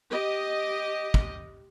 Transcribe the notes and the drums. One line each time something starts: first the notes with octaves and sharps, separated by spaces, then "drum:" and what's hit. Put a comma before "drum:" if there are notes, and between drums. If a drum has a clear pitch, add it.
G4 D#5
drum: kick